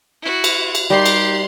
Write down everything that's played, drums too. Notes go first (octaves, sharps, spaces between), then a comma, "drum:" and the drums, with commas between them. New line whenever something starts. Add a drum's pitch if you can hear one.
E4 F#4
drum: cymbal
drum: cymbal
G3 A#3 D#4 G4 D#5 C6 C7
drum: cymbal